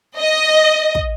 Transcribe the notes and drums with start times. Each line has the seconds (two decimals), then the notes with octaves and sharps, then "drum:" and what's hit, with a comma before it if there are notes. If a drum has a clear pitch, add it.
0.18 D#5
0.95 drum: kick